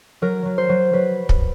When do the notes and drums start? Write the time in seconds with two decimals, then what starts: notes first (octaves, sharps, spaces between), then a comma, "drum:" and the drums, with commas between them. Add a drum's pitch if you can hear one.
0.22 F#3 A#4
0.45 F#3
0.58 C5
0.69 F#3
0.93 F#3 B4
1.29 drum: kick